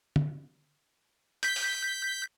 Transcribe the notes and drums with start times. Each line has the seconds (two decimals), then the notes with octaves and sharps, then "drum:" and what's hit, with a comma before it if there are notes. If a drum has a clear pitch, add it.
0.16 drum: tom
1.43 G6 B6, drum: hi-hat
1.56 drum: open hi-hat